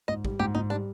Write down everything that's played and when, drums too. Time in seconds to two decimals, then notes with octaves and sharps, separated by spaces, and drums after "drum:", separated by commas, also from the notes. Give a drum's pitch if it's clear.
0.08 G#2 D#5
0.25 G3, drum: kick
0.39 G#2 G4
0.55 G#2 D#4
0.70 G3 D4